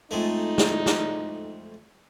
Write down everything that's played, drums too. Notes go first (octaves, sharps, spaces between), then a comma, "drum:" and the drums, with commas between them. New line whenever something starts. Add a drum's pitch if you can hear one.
F2 G#3 A3 D#4
drum: snare
drum: snare